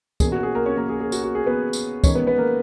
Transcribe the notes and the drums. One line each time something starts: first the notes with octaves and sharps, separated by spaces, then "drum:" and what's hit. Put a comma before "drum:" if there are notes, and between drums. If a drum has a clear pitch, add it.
B2 A#3 C#4 G#4, drum: kick, tambourine
F#4
G#4
A#3 A#4
C#4 C#5
A#3 A#4
G#4
G#4
F#4, drum: tambourine
F#4
G#4
B3 B4
drum: tambourine
D#3 G#3 B3 C#4 D#4 C#5, drum: kick, tambourine
B3 B4
B3 B4
A#3 A#4